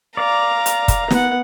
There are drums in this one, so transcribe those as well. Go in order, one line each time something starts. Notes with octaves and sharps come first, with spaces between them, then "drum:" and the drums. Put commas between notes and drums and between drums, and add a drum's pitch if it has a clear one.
D5 F5 A#5
drum: hi-hat
drum: kick, hi-hat
B3 F#5, drum: snare